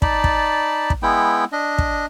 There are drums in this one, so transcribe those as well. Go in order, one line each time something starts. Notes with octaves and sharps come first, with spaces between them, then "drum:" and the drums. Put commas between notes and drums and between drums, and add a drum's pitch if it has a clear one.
D#4 D5 A5 B5, drum: kick
drum: kick
drum: kick
G#3 B3 E4 G5
D4 D#5
drum: kick